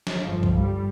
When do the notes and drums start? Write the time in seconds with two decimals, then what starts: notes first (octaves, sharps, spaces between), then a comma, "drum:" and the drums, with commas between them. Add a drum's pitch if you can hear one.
0.07 drum: snare
0.22 G1 G2 F3
0.43 drum: kick
0.54 G3